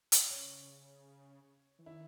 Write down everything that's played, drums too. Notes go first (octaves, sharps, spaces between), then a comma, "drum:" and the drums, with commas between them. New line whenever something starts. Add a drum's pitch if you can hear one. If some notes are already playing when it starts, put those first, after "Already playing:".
drum: hi-hat
C#3 C#5
E3
D#3 E4